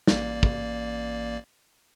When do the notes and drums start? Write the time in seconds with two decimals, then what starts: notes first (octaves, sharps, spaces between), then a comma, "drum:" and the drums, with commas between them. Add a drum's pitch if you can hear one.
0.07 A1 A#3 D5, drum: snare
0.43 drum: kick